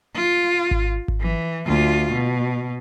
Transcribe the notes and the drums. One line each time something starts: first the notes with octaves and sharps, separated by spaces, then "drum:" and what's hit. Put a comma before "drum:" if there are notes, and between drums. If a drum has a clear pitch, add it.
F4
drum: kick G#1
drum: kick G#1
E3
D2 F4
B2